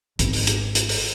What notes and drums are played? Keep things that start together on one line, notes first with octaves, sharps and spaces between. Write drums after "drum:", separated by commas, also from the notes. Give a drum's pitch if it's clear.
G#1, drum: hi-hat
drum: open hi-hat
drum: hi-hat
drum: hi-hat
drum: open hi-hat